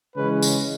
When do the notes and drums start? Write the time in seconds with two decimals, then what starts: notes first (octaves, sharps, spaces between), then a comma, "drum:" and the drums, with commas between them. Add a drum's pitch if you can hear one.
0.16 C#3 E3 G#3 C#4 B4
0.42 drum: tambourine